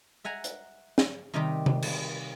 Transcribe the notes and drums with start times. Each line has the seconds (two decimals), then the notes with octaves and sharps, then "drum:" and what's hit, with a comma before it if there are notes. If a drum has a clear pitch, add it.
0.24 E5 F#5 G#5 A#5
0.44 drum: hi-hat
0.98 drum: snare
1.34 C3 D#3 G3 C4 D#4 G4
1.66 drum: tom C3
1.82 drum: cymbal